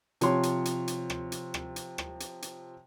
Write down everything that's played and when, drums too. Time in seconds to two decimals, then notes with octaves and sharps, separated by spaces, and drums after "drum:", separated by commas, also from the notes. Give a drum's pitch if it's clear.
0.21 C3 F3 C#5 C6, drum: hi-hat
0.43 drum: hi-hat
0.65 drum: hi-hat
0.88 drum: hi-hat
1.10 drum: rim click
1.32 drum: hi-hat
1.54 drum: rim click
1.76 drum: hi-hat
1.98 drum: rim click
2.20 drum: hi-hat
2.42 drum: hi-hat